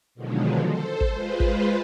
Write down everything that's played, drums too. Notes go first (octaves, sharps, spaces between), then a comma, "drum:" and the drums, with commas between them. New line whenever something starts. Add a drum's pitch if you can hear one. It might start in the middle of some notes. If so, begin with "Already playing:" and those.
B2 D3 D#3 F3 F#3 G#3
A4 C5
drum: kick
G#3 F4 B4 C5
drum: kick